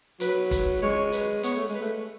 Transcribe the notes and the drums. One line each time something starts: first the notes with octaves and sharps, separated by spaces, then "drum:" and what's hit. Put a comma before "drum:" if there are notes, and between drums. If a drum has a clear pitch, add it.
F#3 B4, drum: hi-hat
B4, drum: kick, hi-hat
G#3 C#5
B4, drum: hi-hat
B3 C#5, drum: hi-hat
A3
G#3
B4
A3